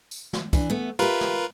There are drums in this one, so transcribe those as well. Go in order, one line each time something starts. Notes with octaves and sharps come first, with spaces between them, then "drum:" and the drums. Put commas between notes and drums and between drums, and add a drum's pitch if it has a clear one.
drum: tambourine
drum: snare
E3 D4, drum: kick, tambourine
A3 B3
F4 G4 A#4 B4 E5, drum: tambourine
drum: snare